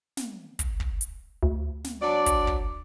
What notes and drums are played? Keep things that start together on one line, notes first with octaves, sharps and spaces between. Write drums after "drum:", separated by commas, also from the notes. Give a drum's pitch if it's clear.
drum: snare
drum: kick, hi-hat
drum: kick
drum: hi-hat
D2
drum: snare
F#3 D4 D5
drum: kick, hi-hat
drum: kick